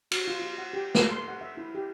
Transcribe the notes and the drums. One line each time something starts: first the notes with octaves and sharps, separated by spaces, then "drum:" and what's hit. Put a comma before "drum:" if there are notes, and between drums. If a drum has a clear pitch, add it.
F#4, drum: cymbal
F4
F4
F#5
G4
A4, drum: snare
C6
F#5
E5
E4
G4